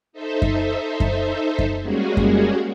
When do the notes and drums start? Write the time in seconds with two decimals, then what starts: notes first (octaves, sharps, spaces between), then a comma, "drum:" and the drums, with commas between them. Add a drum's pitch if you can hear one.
0.13 D#4 A4 C5 E5
0.42 drum: kick F#2
1.00 drum: kick F#2
1.59 drum: kick F#2
1.82 G3 G#3 A#3 C#4 F#4 G#4
2.17 drum: kick F#2